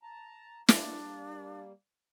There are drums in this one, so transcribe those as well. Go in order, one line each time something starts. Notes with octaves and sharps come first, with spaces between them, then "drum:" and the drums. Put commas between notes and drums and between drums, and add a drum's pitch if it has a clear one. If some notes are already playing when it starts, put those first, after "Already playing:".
A5 A#5
G3 A#3 D4, drum: snare